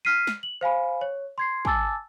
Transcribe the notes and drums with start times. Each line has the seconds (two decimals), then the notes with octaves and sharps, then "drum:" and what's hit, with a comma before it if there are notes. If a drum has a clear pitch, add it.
0.05 F6 B6 C7 D#7
0.27 drum: snare
0.43 F#7
0.61 C5 F5 G#5 B5
1.01 C#5
1.38 C6 G#6 C7
1.65 G#5 A5 D6 E6 A6, drum: kick